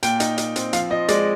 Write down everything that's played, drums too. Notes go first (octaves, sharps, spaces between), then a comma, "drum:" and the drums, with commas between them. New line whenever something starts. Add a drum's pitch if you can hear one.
A#2 G5, drum: hi-hat
D#4, drum: hi-hat
D#4, drum: hi-hat
C4, drum: hi-hat
F3 F5, drum: hi-hat
F3 D#5
G#3 D5, drum: hi-hat